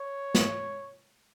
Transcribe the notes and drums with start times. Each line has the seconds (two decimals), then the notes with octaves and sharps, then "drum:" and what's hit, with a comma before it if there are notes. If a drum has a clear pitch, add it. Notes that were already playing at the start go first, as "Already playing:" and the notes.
Already playing: C#5
0.35 drum: snare